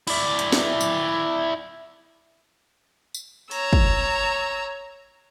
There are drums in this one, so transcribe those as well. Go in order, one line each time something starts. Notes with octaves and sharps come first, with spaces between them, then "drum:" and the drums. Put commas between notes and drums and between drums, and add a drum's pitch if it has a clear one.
E4 D5, drum: cymbal
drum: hi-hat
drum: snare
drum: tambourine
drum: tambourine
C#5 A#5 E6, drum: open hi-hat
drum: kick